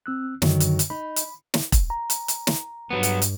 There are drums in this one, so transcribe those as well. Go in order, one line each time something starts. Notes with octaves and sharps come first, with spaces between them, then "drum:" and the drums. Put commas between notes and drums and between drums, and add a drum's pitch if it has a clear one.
C4 E6 F#6
F#2 D3 D#3 F#3, drum: snare
drum: hi-hat
drum: hi-hat
D#4 B5
drum: hi-hat
drum: snare
drum: kick E1, hi-hat
A#5
drum: hi-hat
drum: hi-hat
drum: snare
G2 F#3 B3
drum: hi-hat
drum: hi-hat